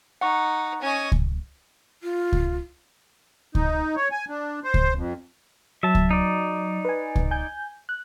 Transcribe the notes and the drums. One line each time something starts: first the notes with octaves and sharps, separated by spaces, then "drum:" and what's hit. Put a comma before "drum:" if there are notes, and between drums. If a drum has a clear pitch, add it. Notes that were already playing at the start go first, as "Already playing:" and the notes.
D#4 F#5 C#6
C#4 D#5 G#5 C#6
drum: kick C#2
F4
drum: kick C#2
D#4, drum: kick C#2
C#5
G#5
D4
C5
drum: kick C#2
F2
F#3 E5 A5
drum: kick C#2
D#4 D5
B4 G#5
drum: kick C#2
G#5 G6
F#6